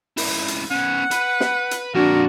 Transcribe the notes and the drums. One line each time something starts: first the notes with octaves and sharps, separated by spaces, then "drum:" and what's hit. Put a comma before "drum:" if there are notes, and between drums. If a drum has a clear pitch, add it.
C#2 E4, drum: open hi-hat
drum: hi-hat
B3 C#4 F#5
B4 B5, drum: hi-hat
drum: snare
drum: hi-hat
F2 A#2 D4 F#4 A#4